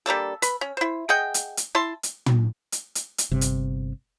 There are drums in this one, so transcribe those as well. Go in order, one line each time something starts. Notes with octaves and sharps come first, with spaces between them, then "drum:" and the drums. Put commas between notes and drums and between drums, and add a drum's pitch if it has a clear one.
G3 A#3 D4 A4
B4 B5, drum: hi-hat
C#4
E4 C5
G#4 D#5 F#5 G5
drum: hi-hat
drum: hi-hat
E4 A5 C6
drum: hi-hat
drum: tom
drum: hi-hat
drum: hi-hat
drum: hi-hat
G1 C3
drum: hi-hat